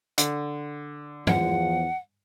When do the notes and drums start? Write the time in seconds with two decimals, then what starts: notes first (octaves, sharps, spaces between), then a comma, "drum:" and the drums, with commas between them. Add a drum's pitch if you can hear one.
0.18 D3, drum: hi-hat
1.27 E2 F3 F#5, drum: tom G2